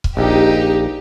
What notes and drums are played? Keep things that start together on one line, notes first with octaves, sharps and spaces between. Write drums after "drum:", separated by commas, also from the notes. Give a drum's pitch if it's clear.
drum: kick C#1
A#1 D#4 G4